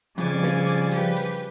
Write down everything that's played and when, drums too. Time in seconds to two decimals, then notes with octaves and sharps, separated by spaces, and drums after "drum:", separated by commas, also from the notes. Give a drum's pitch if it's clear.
0.18 F2 C#3 F3 G3 D5 G#5, drum: hi-hat
0.42 drum: snare
0.67 drum: hi-hat
0.91 G4 B4, drum: hi-hat
1.16 drum: hi-hat